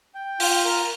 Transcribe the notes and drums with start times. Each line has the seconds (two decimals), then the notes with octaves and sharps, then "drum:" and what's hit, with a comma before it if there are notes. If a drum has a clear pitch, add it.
0.15 G5
0.40 F4, drum: open hi-hat
0.65 A#4